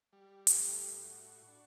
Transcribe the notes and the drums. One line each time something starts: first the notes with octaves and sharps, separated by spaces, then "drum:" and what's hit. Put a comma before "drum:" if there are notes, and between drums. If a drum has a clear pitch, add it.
G3
drum: hi-hat
A2
F#4
D4